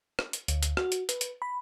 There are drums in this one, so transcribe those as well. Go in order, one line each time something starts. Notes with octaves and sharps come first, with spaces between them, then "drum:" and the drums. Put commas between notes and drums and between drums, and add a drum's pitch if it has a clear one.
drum: rim click
drum: hi-hat
D2, drum: hi-hat
drum: hi-hat
F#4, drum: rim click
drum: hi-hat
B4, drum: hi-hat
drum: hi-hat
B5